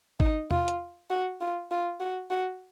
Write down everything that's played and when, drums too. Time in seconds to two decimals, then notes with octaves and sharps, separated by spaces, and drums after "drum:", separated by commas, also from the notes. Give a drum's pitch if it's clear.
0.20 D#4, drum: kick
0.51 F4, drum: tom E2
0.68 drum: hi-hat
1.10 F#4
1.41 F4
1.71 F4
2.00 F#4
2.31 F#4